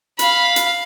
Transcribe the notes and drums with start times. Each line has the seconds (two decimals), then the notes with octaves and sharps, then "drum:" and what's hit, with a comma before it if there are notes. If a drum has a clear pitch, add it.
0.19 F5 B5, drum: hi-hat
0.56 drum: hi-hat